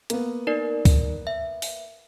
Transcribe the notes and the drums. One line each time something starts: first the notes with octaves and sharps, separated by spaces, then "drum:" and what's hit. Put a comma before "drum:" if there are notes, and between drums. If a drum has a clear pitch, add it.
A#3 B3, drum: hi-hat
D#4 A#4 D5
drum: kick, open hi-hat
E5
drum: open hi-hat